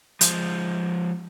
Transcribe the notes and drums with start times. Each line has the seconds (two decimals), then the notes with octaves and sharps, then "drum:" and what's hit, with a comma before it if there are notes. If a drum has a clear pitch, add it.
0.21 F3 G#3 C5, drum: hi-hat